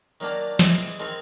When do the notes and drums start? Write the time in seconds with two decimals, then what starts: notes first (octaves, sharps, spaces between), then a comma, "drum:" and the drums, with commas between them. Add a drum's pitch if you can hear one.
0.20 D#3 F#3 A#3 D4
0.59 E3 G#3 C4 D#4 G#4, drum: snare
1.00 D#3 G#3 C4 D#4